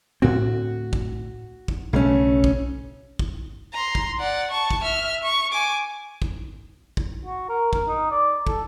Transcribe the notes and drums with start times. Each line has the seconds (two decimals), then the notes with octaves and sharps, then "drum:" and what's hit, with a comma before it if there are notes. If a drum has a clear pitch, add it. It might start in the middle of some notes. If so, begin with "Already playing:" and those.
0.22 D2 A2 C4 F#4
0.93 drum: kick
1.68 drum: kick
1.93 B1 C#3 A3 C#4
2.44 drum: kick
3.19 drum: kick
3.73 A#5 C6
3.95 drum: kick
4.20 D5 F#5
4.50 A5 C#6
4.71 drum: kick
4.83 E5 F6
5.23 C#6
5.53 G#5 D6
6.22 drum: kick
6.97 drum: kick
7.25 F#4
7.49 A#4
7.73 A#4, drum: kick
7.88 D#4
8.11 D5
8.47 A4, drum: kick